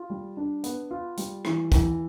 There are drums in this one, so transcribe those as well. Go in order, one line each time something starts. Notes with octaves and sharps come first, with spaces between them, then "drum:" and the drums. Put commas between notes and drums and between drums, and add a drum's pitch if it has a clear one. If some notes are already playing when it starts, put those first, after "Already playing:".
Already playing: F4
G3
D4
B3, drum: hi-hat
F4
G3, drum: hi-hat
E3, drum: rim click
E3, drum: kick, hi-hat